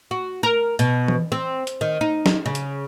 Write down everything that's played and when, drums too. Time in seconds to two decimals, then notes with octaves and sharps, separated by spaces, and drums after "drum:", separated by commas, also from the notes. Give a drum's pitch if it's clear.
0.11 F#4
0.43 A#4
0.79 B2, drum: hi-hat
1.08 drum: tom E3
1.32 C4
1.67 drum: hi-hat
1.81 D#3
2.01 D#4
2.26 drum: snare
2.46 C#3
2.55 drum: hi-hat